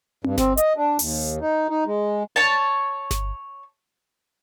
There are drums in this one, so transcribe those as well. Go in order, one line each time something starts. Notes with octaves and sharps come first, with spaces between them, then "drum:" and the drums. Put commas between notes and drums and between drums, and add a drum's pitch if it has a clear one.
G2, drum: tom C4
C4, drum: snare G1
D#5, drum: hi-hat
D4
D#2, drum: open hi-hat
D#4
D#4
G#3
C#5 A5
drum: snare G1